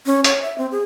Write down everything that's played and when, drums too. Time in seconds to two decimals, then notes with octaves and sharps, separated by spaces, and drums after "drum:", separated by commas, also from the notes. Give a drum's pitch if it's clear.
0.06 C#4
0.24 C#5, drum: hi-hat
0.42 E5
0.58 C4
0.72 G#4